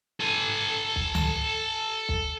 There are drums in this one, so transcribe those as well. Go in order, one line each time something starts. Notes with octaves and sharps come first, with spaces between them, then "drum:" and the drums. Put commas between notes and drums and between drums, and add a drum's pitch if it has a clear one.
A4 G#5
drum: kick
drum: tom C#2
drum: kick